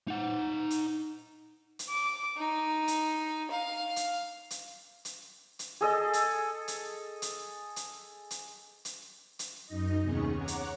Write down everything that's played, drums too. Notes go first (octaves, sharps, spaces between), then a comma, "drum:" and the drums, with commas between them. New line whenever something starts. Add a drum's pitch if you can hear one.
D#4 F#5
drum: hi-hat
drum: hi-hat
D6
D#4
drum: hi-hat
F5
drum: hi-hat
drum: hi-hat
drum: hi-hat
drum: hi-hat
G#4 A4 D#5
drum: hi-hat
drum: hi-hat
drum: hi-hat
drum: hi-hat
drum: hi-hat
drum: hi-hat
drum: hi-hat
F#2 D#4 D#5
D#2 C3 B3 C#4 G#4 C#6
C#5 F#5 A#5 D6
drum: hi-hat